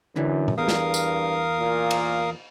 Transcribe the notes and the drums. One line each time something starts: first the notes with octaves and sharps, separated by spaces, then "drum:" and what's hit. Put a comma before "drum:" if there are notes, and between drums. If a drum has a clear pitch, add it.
F#2 D3 E3
drum: tom A#2
E2 G2 A#4 F5 D#6
drum: snare
drum: tambourine
A#2
drum: cymbal